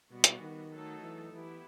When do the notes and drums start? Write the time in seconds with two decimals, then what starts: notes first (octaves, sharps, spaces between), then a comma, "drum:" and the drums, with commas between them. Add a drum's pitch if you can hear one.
0.10 B2 G3 B3 F#4
0.24 drum: hi-hat
0.41 D#3
0.71 F#3 A3 D#4 A4
1.02 E3
1.33 E3 B3 E4 G4